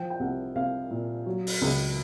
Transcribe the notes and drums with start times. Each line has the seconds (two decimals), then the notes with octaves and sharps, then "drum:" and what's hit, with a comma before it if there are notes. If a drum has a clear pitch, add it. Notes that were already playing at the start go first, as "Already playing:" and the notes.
Already playing: F3 G5
0.10 G5
0.20 C2 F#5
0.56 C2 F5
0.91 A#2
1.26 F#3
1.47 drum: open hi-hat
1.62 C#2